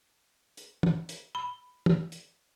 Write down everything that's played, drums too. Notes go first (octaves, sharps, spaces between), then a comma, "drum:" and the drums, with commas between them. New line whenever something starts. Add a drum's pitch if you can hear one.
drum: hi-hat
drum: tom
drum: hi-hat
B5
drum: tom
drum: hi-hat